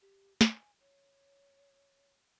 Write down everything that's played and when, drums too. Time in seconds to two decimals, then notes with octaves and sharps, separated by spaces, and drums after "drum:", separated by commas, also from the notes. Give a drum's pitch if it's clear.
0.01 G4
0.41 G#5, drum: snare
0.80 C#5